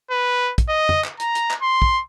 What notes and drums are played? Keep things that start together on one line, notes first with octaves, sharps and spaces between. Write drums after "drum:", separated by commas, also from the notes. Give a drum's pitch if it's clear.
B4
drum: kick, hi-hat
D#5
drum: tom
drum: clap
A#5, drum: hi-hat
drum: hi-hat
drum: clap
C6
drum: kick